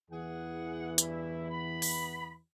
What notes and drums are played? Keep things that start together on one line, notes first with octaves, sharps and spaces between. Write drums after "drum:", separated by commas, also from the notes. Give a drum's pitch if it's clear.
E2 E3 G#4 F#5
G2 E4, drum: hi-hat
B3 B5
drum: open hi-hat